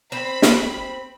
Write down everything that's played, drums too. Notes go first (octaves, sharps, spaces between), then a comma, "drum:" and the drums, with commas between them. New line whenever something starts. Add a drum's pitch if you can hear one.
C4 B5
drum: snare